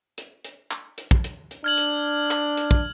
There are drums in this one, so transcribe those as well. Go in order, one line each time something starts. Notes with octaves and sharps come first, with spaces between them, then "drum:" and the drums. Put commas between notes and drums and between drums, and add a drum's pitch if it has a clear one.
drum: hi-hat
drum: hi-hat
drum: clap
drum: hi-hat
drum: kick
drum: hi-hat
drum: hi-hat
D4 F6 G#6 F#7
drum: hi-hat
drum: clap
drum: hi-hat
drum: kick